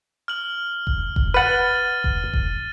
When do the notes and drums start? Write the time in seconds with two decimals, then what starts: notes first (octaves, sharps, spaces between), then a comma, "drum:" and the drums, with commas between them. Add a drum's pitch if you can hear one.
0.28 F6 F#7
0.87 drum: kick F1
1.16 drum: kick F1
1.34 B4 F#5 F6 A6 D#7
2.04 drum: kick F1
2.34 drum: kick F1